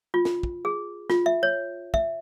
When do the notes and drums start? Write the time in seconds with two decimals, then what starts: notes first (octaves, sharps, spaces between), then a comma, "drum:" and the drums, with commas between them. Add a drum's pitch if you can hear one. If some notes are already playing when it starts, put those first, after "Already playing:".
0.14 F4
0.25 drum: snare
0.43 drum: kick
0.65 G#4
1.10 F4, drum: snare
1.26 E5
1.43 C#5
1.94 E5, drum: kick